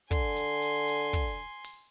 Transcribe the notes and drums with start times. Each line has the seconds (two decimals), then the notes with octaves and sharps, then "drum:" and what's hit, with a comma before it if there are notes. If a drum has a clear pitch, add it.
0.11 D3 G#5 C6, drum: kick, hi-hat
0.36 drum: hi-hat
0.62 drum: hi-hat
0.88 drum: hi-hat
1.13 drum: kick
1.64 drum: open hi-hat